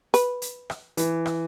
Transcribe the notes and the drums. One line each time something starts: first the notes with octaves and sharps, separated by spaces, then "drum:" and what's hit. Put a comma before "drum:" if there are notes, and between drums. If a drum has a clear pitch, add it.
B4, drum: hi-hat
drum: hi-hat
drum: rim click
E3, drum: hi-hat
drum: rim click